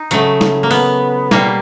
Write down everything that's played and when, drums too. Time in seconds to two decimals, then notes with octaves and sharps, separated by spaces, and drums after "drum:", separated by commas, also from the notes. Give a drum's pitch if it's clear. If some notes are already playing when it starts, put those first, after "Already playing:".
Already playing: D#4
0.11 C#3 F#3 A3, drum: hi-hat
0.41 drum: snare
0.63 A#3
0.71 B3, drum: open hi-hat
1.31 B2 G3 A#3, drum: snare